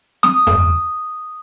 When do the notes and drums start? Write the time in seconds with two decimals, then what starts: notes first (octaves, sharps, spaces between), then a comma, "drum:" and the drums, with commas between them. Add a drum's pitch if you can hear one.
0.23 D#6, drum: snare C4
0.47 drum: tom F2